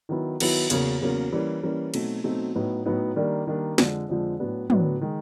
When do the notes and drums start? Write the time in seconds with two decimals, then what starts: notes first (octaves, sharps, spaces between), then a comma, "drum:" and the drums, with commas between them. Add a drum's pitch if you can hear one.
0.09 D#3 F#3 B3 E4
0.40 D#3 F#3 B3 E4, drum: cymbal
0.70 E2 C#3 F#3 A#3 C#4, drum: hi-hat
1.01 E2 C#3 F#3 A#3 C#4
1.32 E3 G3 A#3 C#4
1.63 E3 G3 A#3 C#4
1.94 B2 F#3 A3 C4 D#4, drum: cymbal
2.24 B2 F#3 A3 C4 D#4
2.55 A2 F#3 B3 D#4
2.85 A2 F#3 B3 D#4
3.16 D#3 G3 A#3 D4
3.47 D#3 G3 A#3 D4
3.78 F2 D3 F3 G#3, drum: snare
4.09 F2 D3 F3 G#3
4.39 A2 F#3 B3 D4
4.70 A2 F#3 B3 D4, drum: tom
5.01 D#3 G#3